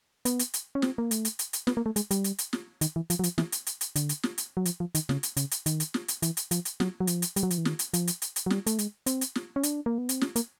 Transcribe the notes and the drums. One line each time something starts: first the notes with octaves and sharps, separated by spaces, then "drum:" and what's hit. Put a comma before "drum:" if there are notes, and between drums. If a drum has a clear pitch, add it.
B3, drum: hi-hat
drum: hi-hat
drum: hi-hat
C#4
C4, drum: snare
A#3
A3, drum: hi-hat
drum: hi-hat
drum: hi-hat
drum: hi-hat
B3, drum: snare
A#3
A3
G#3, drum: hi-hat
G3, drum: hi-hat
drum: hi-hat
drum: hi-hat
drum: snare
D#3, drum: hi-hat
E3
F3, drum: hi-hat
F#3
F3, drum: hi-hat
E3, drum: snare
drum: hi-hat
drum: hi-hat
drum: hi-hat
D3, drum: hi-hat
drum: hi-hat
drum: snare
drum: hi-hat
F#3
F3, drum: hi-hat
F3
D#3, drum: hi-hat
C#3, drum: snare
drum: hi-hat
C#3, drum: hi-hat
drum: hi-hat
D#3, drum: hi-hat
drum: hi-hat
drum: snare
drum: hi-hat
E3, drum: hi-hat
drum: hi-hat
F3, drum: hi-hat
drum: hi-hat
F#3, drum: snare
F#3
F3, drum: hi-hat
drum: hi-hat
G3, drum: hi-hat
F#3
F3, drum: hi-hat
E3
D#3, drum: snare
drum: hi-hat
F3, drum: hi-hat
drum: hi-hat
drum: hi-hat
drum: hi-hat
F#3
G3, drum: snare
A3, drum: hi-hat
G#3, drum: hi-hat
C4, drum: hi-hat
drum: hi-hat
drum: snare
C#4
D4, drum: hi-hat
A#3
B3
C4, drum: hi-hat
C#4, drum: snare
A#3, drum: hi-hat